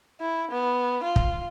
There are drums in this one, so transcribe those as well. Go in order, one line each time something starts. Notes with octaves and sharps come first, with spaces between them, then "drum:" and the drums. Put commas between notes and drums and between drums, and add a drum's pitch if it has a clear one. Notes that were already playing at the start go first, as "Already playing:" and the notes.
E4
B3
F4
drum: kick